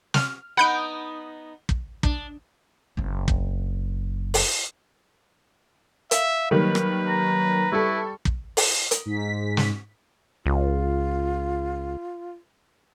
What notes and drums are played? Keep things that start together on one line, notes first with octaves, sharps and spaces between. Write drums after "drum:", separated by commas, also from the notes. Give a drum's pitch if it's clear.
F6, drum: snare
B3 D#4 B4 F#5 B5 G6 D7
drum: kick
D4, drum: kick
F#1 C4
drum: kick
drum: open hi-hat
E5 F5, drum: hi-hat
D#3 F#3 G3 A#3 B4
drum: rim click
A#5
G3 E4 A4 C#6
drum: kick
drum: open hi-hat
drum: hi-hat
G#2 B6
drum: snare
C#2 F4